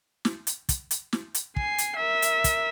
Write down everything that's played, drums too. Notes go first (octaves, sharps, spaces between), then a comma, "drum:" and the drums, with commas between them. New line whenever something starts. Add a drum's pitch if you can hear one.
drum: snare
drum: hi-hat
drum: kick, hi-hat
drum: hi-hat
drum: snare
drum: hi-hat
G#5 C7, drum: kick
drum: hi-hat
A#4 E5
drum: hi-hat
drum: kick, hi-hat